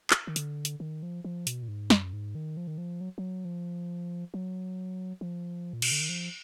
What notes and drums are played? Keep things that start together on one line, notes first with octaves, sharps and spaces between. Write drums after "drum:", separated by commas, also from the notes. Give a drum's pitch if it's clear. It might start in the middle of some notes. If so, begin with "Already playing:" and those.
drum: clap
D#3
D3, drum: hi-hat
drum: hi-hat
D#3
F3
F3
B2, drum: hi-hat
A#2
G#2
F#2, drum: snare
G#2
D#3
F3
D#3
F3
F#3
F#3
F3
F#3
F3
A#2
B2, drum: cymbal
D3
D#3
F3